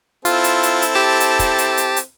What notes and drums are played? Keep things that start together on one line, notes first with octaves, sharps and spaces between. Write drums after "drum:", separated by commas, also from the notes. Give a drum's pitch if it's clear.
C4 E4 F4 A4, drum: hi-hat
drum: hi-hat
drum: hi-hat
drum: hi-hat
G4 A5
drum: hi-hat
drum: kick, hi-hat
drum: hi-hat
drum: hi-hat
drum: hi-hat